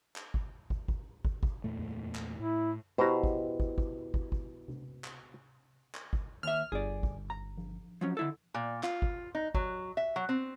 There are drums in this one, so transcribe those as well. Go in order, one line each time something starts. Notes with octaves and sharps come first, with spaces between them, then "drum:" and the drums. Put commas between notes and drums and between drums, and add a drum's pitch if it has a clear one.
drum: clap
drum: kick
drum: kick
drum: kick
drum: kick
drum: kick
E2 A#2 A3
drum: tom F#2
drum: clap
A2 E4
B2 E4 G4 C5 A#5
drum: kick
drum: kick
drum: kick
drum: kick
drum: kick
drum: tom C3
drum: clap
drum: clap
drum: kick
D#2 E5 F6
G1 G#4 D5
drum: kick
A#5
drum: tom F3
F3 F#3 C#4
D3 E4 A4
A#2
F4, drum: clap
drum: kick
D#4
F#3, drum: kick
E5
F#3
C4